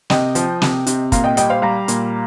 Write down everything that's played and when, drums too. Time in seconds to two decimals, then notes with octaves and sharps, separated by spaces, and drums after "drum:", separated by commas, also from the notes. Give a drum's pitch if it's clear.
0.10 C3 D#5 G5, drum: snare
0.35 F3, drum: hi-hat
0.62 C3, drum: snare
0.87 C3, drum: hi-hat
1.12 A#2 F5 A#5, drum: kick, hi-hat
1.24 D#5 G5
1.37 G3 D#5 G5, drum: hi-hat
1.50 C5 F5
1.62 G3 F5 A#5
1.88 A#2, drum: hi-hat